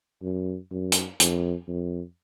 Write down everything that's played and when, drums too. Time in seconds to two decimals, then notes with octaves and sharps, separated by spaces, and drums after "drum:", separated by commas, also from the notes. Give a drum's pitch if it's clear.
0.22 F#2
0.71 F#2
0.92 drum: hi-hat
1.20 F2, drum: hi-hat
1.68 F2